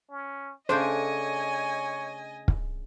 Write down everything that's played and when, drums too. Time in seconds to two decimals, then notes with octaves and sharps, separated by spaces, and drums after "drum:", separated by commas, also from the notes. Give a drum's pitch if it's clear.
0.10 C#4
0.69 C#3 A3 D4 C5 C#5 D#5 G#5
2.48 drum: kick